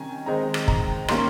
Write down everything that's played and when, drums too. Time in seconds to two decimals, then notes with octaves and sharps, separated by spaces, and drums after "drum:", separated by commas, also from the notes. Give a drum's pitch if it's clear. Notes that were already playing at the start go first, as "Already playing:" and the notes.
Already playing: C3 D#3 G3 C#4 G#5
0.26 D#3 G#3 C4 D#4 A#5
0.54 drum: rim click
0.68 A#5, drum: kick
1.08 D#3 G3 A#3 C#4 C6, drum: rim click